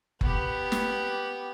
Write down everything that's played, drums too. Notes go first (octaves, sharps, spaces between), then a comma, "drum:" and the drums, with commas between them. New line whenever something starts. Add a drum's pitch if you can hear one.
B3 G4, drum: kick F#1
drum: snare